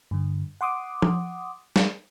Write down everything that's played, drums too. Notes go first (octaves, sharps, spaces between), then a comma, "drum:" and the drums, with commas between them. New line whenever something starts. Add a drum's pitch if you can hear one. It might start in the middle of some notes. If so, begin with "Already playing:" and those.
G2 D3
F#5 C6 D6 D#6
drum: tom F3
drum: snare